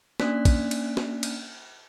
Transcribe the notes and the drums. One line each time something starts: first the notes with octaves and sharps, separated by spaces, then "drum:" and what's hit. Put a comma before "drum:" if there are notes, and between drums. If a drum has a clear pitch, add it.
A#3 C#4 D4 D5 F#6 B6, drum: snare
drum: kick, cymbal
drum: cymbal
drum: snare
drum: cymbal